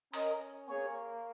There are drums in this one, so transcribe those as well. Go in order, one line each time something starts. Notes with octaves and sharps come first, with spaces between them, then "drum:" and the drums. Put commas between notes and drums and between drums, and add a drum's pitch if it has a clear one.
C#4 A#4 D#5, drum: hi-hat
A#3 G#4 C#5